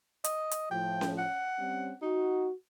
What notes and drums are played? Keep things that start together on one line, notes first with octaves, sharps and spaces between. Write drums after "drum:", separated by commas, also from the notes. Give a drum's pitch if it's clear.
D#5, drum: hi-hat
drum: hi-hat
A2 F3 G5
drum: snare C#4
F#5
G3 C4 C#4
D#4 F#4